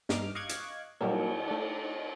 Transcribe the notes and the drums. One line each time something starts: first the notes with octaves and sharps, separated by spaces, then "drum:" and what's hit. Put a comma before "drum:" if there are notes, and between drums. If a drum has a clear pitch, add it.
G2 D#4 D6 F6, drum: snare
D#5 F5 C#6 D6 F#6 G#6
drum: hi-hat
A#2 F#3 G3 A#3, drum: cymbal
A3 D4